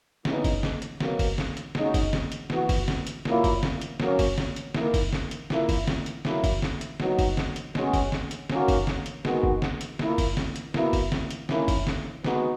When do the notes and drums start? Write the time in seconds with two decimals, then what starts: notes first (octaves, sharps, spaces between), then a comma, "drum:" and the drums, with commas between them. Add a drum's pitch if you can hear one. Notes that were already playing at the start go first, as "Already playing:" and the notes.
0.25 C#3 E3 B3 D#4, drum: snare
0.44 drum: kick, open hi-hat
0.63 drum: snare
0.82 drum: hi-hat
1.00 B2 F#3 A#3, drum: snare
1.19 drum: kick, open hi-hat
1.38 drum: snare
1.57 drum: hi-hat
1.75 C#3 G#3 D#4 F#4, drum: snare
1.94 drum: kick, open hi-hat
2.13 drum: snare
2.32 drum: hi-hat
2.50 E3 B3 F#4, drum: snare
2.69 drum: kick, open hi-hat
2.88 drum: snare
3.07 drum: hi-hat
3.25 A#2 F#3 A#3 E4, drum: snare
3.44 drum: kick, open hi-hat
3.63 drum: snare
3.81 drum: hi-hat
4.00 F#3 A#3 C#4, drum: snare
4.19 drum: kick, open hi-hat
4.38 drum: snare
4.56 drum: hi-hat
4.75 D#3 A#3 E4, drum: snare
4.94 drum: kick, open hi-hat
5.13 drum: snare
5.31 drum: hi-hat
5.50 A#2 A#3 E4, drum: snare
5.69 drum: kick, open hi-hat
5.87 drum: snare
6.06 drum: hi-hat
6.25 F#3 A#3 E4, drum: snare
6.44 drum: kick, open hi-hat
6.62 drum: snare
6.81 drum: hi-hat
7.00 F#3 B3 D#4 F#4, drum: snare
7.19 drum: kick, open hi-hat
7.37 drum: snare
7.56 drum: hi-hat
7.75 B2 G#3 C#4 F#4, drum: snare
7.93 drum: kick, open hi-hat
8.12 drum: snare
8.31 drum: hi-hat
8.50 D#3 A#3 C#4 F#4, drum: snare
8.68 drum: kick, open hi-hat
8.87 drum: snare
9.06 drum: hi-hat
9.25 D#3 G#3 B3 F#4, drum: snare
9.43 drum: kick
9.62 drum: snare
9.81 drum: hi-hat
9.99 A#2 A#3 E4, drum: snare
10.18 drum: kick, open hi-hat
10.37 drum: snare
10.56 drum: hi-hat
10.74 B2 A#3 E4, drum: snare
10.93 drum: kick, open hi-hat
11.12 drum: snare
11.31 drum: hi-hat
11.49 D#3 A#3 C#4 E4, drum: snare
11.68 drum: kick, open hi-hat
11.87 drum: snare
12.24 G#3 B3 D#4 F#4, drum: snare